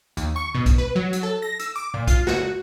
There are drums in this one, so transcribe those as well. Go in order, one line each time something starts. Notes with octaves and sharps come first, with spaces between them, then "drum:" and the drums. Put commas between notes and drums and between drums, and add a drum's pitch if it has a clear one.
D#2, drum: hi-hat
C#6
B2
drum: kick, hi-hat
B4
F#3
drum: hi-hat
A4
A#6
E6, drum: hi-hat
D6
A#2
F4, drum: kick, hi-hat
F#4, drum: snare